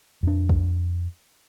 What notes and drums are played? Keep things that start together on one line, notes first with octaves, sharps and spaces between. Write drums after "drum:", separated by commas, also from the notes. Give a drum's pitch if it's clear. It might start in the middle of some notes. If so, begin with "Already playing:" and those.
F2 D4
drum: kick